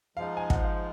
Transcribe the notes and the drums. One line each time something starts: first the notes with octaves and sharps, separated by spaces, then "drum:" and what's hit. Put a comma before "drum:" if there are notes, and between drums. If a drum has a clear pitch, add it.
G#2 F3 G#3 F5
G#5
F#5, drum: kick
F5